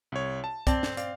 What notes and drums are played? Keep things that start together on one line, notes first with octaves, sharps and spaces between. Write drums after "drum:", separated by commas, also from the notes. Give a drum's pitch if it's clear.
C2 C#5
A5
C4 D5 A5, drum: kick, hi-hat
drum: snare
D5 F5, drum: hi-hat